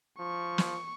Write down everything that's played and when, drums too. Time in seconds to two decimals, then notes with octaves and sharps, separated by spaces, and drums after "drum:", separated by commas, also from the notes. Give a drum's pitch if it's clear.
0.19 F3 C#6
0.58 drum: snare